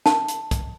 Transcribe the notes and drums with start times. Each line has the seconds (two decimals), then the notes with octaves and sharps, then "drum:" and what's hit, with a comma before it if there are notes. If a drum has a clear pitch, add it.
0.06 A5, drum: snare
0.28 drum: hi-hat
0.51 drum: kick, hi-hat